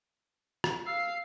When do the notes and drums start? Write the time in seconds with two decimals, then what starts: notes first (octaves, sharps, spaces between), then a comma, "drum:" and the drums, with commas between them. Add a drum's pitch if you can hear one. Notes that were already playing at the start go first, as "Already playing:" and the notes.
0.64 drum: rim click
0.86 F5 E6 C7